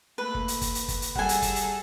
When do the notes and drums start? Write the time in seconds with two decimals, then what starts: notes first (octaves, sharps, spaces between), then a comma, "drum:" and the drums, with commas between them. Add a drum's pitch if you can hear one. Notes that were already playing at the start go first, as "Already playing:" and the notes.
0.18 A3 A#3 B4
0.35 drum: kick
0.48 drum: hi-hat
0.61 drum: kick, hi-hat
0.75 drum: hi-hat
0.88 drum: kick, hi-hat
1.02 drum: hi-hat
1.15 G3 G#4 A4 F#5 G#5, drum: kick
1.29 drum: hi-hat
1.42 drum: kick, hi-hat
1.56 drum: hi-hat